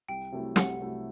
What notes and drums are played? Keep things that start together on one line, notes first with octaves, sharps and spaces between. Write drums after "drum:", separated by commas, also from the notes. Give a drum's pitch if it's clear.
C2 G5
C3 F#3 A3 E4
C2 F#5, drum: snare
C3 F#3 A3 E4